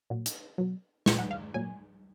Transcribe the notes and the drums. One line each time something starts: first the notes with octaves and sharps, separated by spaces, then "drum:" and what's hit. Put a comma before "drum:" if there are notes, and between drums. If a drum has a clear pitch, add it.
A#2 F#3
drum: hi-hat
B2 F#3
A#2 F3 C#6, drum: snare
F#5
F5
A#2 F#3 G#5